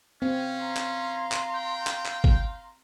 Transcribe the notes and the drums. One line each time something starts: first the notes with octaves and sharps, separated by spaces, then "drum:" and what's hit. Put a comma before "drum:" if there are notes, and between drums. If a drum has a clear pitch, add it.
C4 C#4 F5
A#5 C6
drum: clap
drum: clap
G5
drum: clap
drum: clap
drum: kick